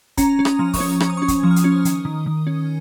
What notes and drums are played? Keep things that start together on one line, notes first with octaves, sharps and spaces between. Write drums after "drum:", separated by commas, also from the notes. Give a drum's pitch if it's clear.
C#4 A#5, drum: kick, hi-hat
C#4
D#6, drum: rim click
F3
C#6, drum: kick, open hi-hat
C#4
C#4 C#6, drum: rim click
D#6
C#6
C#4
C#6, drum: kick, hi-hat
F3
F6
D#6, drum: hi-hat
C#4
D#3, drum: hi-hat
D#3
D#3
C#4